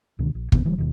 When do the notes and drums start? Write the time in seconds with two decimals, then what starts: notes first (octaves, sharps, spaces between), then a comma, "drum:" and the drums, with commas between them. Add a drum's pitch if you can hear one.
0.19 C#2 B2 D3 D#3
0.35 A#1
0.52 E2 A#2 D#3 B3, drum: kick
0.64 D3 E3 F#3 G3
0.78 E1 D#2 B2 D#3